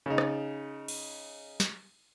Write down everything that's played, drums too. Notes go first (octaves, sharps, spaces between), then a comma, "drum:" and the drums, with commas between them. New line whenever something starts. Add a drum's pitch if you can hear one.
C#3 D#4
drum: rim click
drum: cymbal
drum: snare